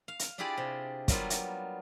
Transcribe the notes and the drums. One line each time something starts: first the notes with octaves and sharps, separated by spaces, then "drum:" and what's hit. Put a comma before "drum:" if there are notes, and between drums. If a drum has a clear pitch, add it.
F5
drum: hi-hat
D4 E4 F4 G4 G#4 D5
C3
F#3 G3 A#3 B3 F4, drum: kick, hi-hat
drum: hi-hat